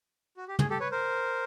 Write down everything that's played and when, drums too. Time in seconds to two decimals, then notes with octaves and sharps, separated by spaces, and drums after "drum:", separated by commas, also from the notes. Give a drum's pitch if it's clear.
0.37 F#4
0.48 G4
0.59 G#4, drum: tom
0.70 G4 A4
0.80 B4 C#5
0.92 A#4 C5